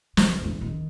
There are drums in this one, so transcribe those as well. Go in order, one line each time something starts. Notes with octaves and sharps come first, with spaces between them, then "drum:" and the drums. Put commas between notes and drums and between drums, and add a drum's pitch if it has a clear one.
D3, drum: snare
E2 G2
D#3